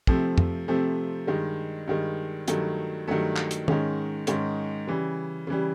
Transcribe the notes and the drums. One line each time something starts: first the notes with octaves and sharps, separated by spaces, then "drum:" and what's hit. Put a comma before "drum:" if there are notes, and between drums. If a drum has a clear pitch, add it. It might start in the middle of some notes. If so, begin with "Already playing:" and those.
C3 F3 A3 C4, drum: kick
drum: tom
C3 F3 A3 C4
G2 D#3 G#3
G2 D#3 G#3
G2 D#3 F#3 A3, drum: hi-hat
G2 D#3 F#3 A3
drum: clap
drum: hi-hat
G#2 D#3 G#3 C#4, drum: tom
G#2 D#3 G#3 C#4, drum: hi-hat
C#3 E3 G3
C#3 E3 G3